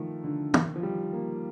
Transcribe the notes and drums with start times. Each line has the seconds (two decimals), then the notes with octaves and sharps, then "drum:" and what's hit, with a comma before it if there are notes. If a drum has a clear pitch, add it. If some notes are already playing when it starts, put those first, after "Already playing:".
Already playing: D#3 F3 A3
0.24 D3
0.54 D#3, drum: tom
0.76 F3
0.83 G3
1.13 A#3